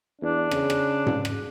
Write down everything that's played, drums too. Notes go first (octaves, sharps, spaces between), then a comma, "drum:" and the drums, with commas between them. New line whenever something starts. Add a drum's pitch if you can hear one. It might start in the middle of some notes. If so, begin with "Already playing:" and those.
E2 D4
C#3, drum: rim click
drum: rim click
drum: tom G#2
drum: rim click